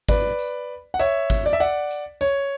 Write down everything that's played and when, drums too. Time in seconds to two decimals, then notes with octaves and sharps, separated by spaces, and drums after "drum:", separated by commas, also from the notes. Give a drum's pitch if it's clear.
0.09 B4 D5, drum: kick G#1, tambourine
0.39 drum: tambourine
0.94 F#5
0.99 C#5 E5, drum: tambourine
1.30 drum: kick G#1, tambourine
1.46 D5
1.53 E5
1.60 D5 F#5, drum: tambourine
1.91 drum: tambourine
2.21 C#5, drum: tambourine